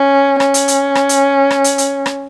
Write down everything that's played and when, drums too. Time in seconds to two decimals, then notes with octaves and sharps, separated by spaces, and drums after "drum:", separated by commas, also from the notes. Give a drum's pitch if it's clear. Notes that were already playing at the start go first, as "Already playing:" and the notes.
Already playing: C#4
0.40 C#4, drum: rim click
0.54 drum: hi-hat
0.68 drum: hi-hat
0.95 drum: rim click
1.09 drum: hi-hat
1.51 drum: rim click
1.64 drum: hi-hat
1.78 drum: hi-hat
2.06 drum: rim click